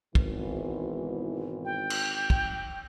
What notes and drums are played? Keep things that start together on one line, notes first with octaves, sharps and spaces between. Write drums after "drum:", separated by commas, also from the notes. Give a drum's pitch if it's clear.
G#1 G#2 B2 E3, drum: kick
G5
drum: cymbal
drum: kick